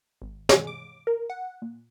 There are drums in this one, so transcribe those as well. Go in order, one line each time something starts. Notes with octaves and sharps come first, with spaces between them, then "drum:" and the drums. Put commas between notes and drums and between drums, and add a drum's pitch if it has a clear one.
G#1
G#4, drum: snare
D6
A#4
F#5
A#2